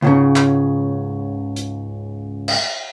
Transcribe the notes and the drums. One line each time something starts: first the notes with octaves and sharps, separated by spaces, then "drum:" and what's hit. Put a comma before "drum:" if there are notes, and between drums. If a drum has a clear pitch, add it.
C#2 G#2 C#3
drum: clap
drum: hi-hat
drum: cymbal